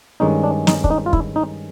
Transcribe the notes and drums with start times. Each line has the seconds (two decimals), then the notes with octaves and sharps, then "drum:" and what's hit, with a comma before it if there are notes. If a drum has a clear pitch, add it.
0.20 G2 D#3 G#3 C#4 D#4
0.44 D4
0.67 D#4, drum: snare
0.84 D4, drum: kick
0.91 D#4
1.06 F4
1.13 E4, drum: kick
1.36 D#4